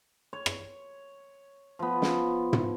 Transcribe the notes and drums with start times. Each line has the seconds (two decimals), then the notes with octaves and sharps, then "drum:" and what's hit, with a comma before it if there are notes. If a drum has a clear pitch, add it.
0.33 C#5
0.46 drum: rim click
1.79 F3 B3
2.02 drum: snare
2.53 drum: tom